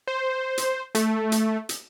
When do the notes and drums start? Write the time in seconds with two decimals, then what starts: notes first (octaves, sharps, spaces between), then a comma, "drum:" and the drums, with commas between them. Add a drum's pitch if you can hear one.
0.08 C5
0.58 drum: hi-hat
0.95 A3, drum: hi-hat
1.32 drum: hi-hat
1.69 drum: hi-hat